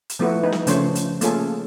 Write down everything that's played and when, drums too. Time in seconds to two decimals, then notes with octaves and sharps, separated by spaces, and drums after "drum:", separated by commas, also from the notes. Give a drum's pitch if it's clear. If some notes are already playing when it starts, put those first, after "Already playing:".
0.10 drum: hi-hat
0.19 F3 A3 B3 E4 F#4
0.43 D#4 B4
0.52 drum: snare
0.67 C#3 F3 A3 D4 C5 C#5, drum: hi-hat
0.95 drum: hi-hat
1.21 A3 A#3 C#4 F4 G#4 A4, drum: hi-hat